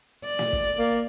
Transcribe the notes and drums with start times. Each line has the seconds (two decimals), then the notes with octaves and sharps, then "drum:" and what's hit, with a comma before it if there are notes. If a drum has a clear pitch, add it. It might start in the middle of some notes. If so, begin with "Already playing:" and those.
0.25 D5
0.39 drum: snare
0.53 drum: kick
0.78 A#3